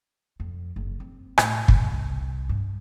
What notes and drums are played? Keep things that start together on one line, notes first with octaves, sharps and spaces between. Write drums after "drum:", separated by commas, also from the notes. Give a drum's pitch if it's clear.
F2
F#1
C4
A2, drum: rim click
C2, drum: kick
G2